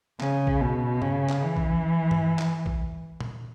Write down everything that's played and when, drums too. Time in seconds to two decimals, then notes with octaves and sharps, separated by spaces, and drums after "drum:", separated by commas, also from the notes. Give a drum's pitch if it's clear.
0.20 C#3, drum: clap
0.47 drum: kick B1
0.61 B2
1.02 C#3, drum: tom G2
1.29 drum: clap
1.43 E3
1.56 drum: kick B1
2.11 drum: tom G2
2.38 drum: clap
2.66 drum: kick B1
3.21 drum: tom A#2